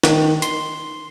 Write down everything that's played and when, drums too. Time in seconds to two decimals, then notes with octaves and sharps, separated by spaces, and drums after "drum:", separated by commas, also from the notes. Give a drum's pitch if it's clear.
0.03 D#3, drum: snare
0.42 C6, drum: hi-hat